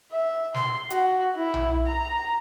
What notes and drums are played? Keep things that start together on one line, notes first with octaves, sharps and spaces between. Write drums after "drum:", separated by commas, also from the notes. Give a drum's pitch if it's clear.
E5
C6, drum: snare
F#4, drum: hi-hat
E4
drum: tom B1
A#5